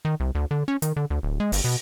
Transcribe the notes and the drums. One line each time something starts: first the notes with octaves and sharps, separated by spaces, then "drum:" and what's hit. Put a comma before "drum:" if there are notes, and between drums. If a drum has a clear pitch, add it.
D#3
C2
D2
D3
C#4
D#3, drum: hi-hat
D3
D2
D1
G#3
G1, drum: open hi-hat
B2